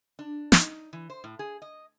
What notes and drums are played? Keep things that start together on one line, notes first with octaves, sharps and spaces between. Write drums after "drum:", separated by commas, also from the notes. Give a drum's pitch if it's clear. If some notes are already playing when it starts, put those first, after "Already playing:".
D4
D#4, drum: snare
E3
C5
A2
G#4
D#5